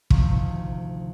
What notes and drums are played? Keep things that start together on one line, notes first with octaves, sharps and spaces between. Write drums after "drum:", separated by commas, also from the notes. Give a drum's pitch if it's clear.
D2 C3 D#3 F3, drum: kick